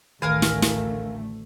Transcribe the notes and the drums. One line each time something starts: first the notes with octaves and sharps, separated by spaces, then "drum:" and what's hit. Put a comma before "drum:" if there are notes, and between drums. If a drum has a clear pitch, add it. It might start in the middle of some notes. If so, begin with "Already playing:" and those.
A1 D2 D#3 A3 A#4 F5 G#5
drum: snare
drum: snare